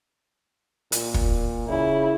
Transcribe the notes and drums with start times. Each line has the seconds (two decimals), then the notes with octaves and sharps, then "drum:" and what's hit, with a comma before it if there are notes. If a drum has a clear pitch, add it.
0.92 A#2, drum: hi-hat
1.14 drum: kick
1.69 C#3 E4